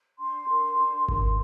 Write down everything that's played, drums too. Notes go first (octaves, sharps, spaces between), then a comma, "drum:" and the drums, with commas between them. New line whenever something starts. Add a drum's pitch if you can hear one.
D4 C6
A#4
D4
A#4 C6, drum: kick G#1